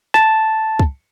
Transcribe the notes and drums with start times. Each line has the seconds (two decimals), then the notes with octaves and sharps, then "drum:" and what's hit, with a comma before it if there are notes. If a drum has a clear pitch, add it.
0.14 A5, drum: snare
0.79 drum: kick